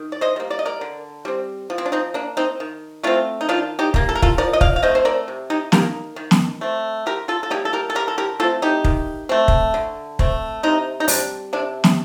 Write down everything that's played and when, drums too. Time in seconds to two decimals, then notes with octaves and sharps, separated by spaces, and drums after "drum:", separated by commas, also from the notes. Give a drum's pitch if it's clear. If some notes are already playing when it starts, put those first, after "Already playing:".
Already playing: D#3
0.12 D5
0.21 C5 D#5
0.36 G3 A#3
0.50 D5
0.59 D#5
0.65 A#4 D5
0.81 D3
1.25 G3 C4
1.70 F3
1.78 C4
1.86 D4
1.92 C4 D#4
2.14 A#3 D4
2.37 C4 D#4
2.60 D#3
3.03 A3 C4 D4 F4
3.41 D#4
3.49 D#3 D4 F4
3.79 D#4 G4
3.94 G3 A#3, drum: kick
4.09 A4
4.15 A#4
4.22 F4 A4, drum: kick
4.38 F3 A#4 D5
4.53 D#5
4.61 D5 F5, drum: kick
4.76 F5
4.82 A3 C4 C5 D#5
4.95 C5
5.05 A#4 D5
5.28 C3
5.50 D#4 G4
5.72 D#3 A#3 G4 A#4, drum: snare
6.16 D#3
6.31 drum: snare
6.61 A3 C4
7.06 D3 G4 A#4
7.28 F4 A4
7.43 A4
7.50 G3 A#3 D#4 G4
7.65 A4
7.73 G4 A#4
7.90 A4
7.95 D3 G4 A#4
8.08 A4
8.18 G4 A#4
8.40 A3 C4 F4 A4
8.62 D#4 G4
8.84 D#3, drum: kick
9.29 A3 C4
9.48 drum: kick
9.74 D3
10.19 A3 C4, drum: kick
10.63 C3 C4 D#4
11.00 D#4
11.08 G3 C4 D4, drum: open hi-hat
11.53 C3 D4
11.84 drum: snare